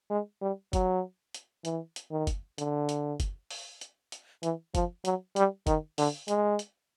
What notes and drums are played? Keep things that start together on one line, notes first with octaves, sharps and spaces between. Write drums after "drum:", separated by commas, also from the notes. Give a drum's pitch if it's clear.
G#3
G3
F#3, drum: kick F#1, hi-hat
drum: hi-hat
E3, drum: hi-hat
drum: hi-hat
D#3
drum: kick F#1, hi-hat
D3, drum: hi-hat
drum: hi-hat
drum: kick F#1, hi-hat
drum: open hi-hat
drum: hi-hat
drum: hi-hat
E3, drum: hi-hat
F3, drum: kick F#1, hi-hat
F#3, drum: hi-hat
G3, drum: hi-hat
D#3, drum: kick F#1, hi-hat
D3, drum: open hi-hat
G#3, drum: hi-hat
drum: hi-hat